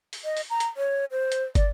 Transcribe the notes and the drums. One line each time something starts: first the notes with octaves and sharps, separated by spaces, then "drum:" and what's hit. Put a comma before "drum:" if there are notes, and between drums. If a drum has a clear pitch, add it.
drum: open hi-hat
D#5
drum: open hi-hat
A#5
drum: hi-hat
C#5
C5
drum: hi-hat
D5, drum: kick, hi-hat